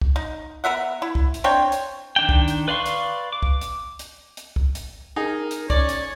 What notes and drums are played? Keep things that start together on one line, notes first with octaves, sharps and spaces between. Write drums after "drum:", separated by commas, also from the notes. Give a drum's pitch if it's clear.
drum: kick C2
D#4
B3 A#4 E5 F#5
E4
drum: kick C2
drum: hi-hat
C4 D4 C#5 G5
drum: hi-hat
D#3 D4 G5
drum: kick C2
drum: hi-hat
B4 D5 F5 C6 C#6
drum: hi-hat
D6
drum: kick C2
drum: hi-hat
drum: hi-hat
drum: hi-hat
drum: kick C2
drum: hi-hat
D#4 G#4 A#4
drum: hi-hat
C#4 C#5 D5, drum: kick C2
drum: hi-hat